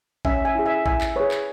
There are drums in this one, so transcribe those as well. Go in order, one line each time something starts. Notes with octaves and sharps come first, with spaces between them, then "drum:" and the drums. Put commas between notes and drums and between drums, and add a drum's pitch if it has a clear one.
C#4 E5 G#5, drum: kick A1
E5 G#5
E4 G#4
E5 G#5
E4 E5 G#5, drum: kick A1
drum: clap
G#4 B4 C#5
drum: clap